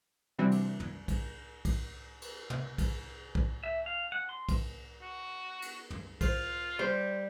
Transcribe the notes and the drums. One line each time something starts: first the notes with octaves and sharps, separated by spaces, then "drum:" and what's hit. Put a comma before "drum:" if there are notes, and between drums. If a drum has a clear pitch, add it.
C3 E3 G3 C4 D4 F#4
drum: cymbal
drum: tom
drum: kick, cymbal
drum: kick, cymbal
drum: cymbal
drum: tom
drum: kick, cymbal
drum: kick
E5
F5
F#5
C6
drum: kick, cymbal
F#4
drum: cymbal
drum: tom
F4 C5, drum: kick, cymbal
G3 C5